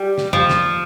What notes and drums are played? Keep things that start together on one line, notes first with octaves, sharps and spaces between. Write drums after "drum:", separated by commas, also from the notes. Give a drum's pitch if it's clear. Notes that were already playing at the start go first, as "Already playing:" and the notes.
Already playing: G3
drum: snare
F3, drum: tom F2
drum: snare